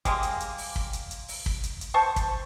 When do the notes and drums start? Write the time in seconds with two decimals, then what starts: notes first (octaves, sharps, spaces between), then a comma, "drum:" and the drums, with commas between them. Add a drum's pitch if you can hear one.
0.05 G3 G#3 A#3, drum: kick, hi-hat
0.23 drum: hi-hat
0.40 drum: hi-hat
0.58 drum: open hi-hat
0.76 drum: kick
0.93 drum: hi-hat
1.11 drum: hi-hat
1.28 drum: open hi-hat
1.46 drum: kick
1.64 drum: hi-hat
1.81 drum: hi-hat
1.94 C5 A5 C#6
2.16 drum: kick, hi-hat